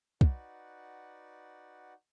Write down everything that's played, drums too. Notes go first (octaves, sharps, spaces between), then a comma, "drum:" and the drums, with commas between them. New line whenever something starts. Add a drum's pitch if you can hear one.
D#4 F#4 B4 D5 F#5, drum: kick